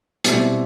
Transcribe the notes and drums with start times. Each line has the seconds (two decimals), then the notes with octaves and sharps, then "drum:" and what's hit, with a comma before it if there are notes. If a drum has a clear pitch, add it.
0.24 B2 G3 C4 E4, drum: hi-hat